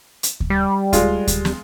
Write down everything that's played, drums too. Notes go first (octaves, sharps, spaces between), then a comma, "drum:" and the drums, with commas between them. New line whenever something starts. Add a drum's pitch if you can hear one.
drum: hi-hat
drum: kick D2
G3
G#3 F4, drum: kick D2, hi-hat
drum: kick D2, hi-hat
drum: snare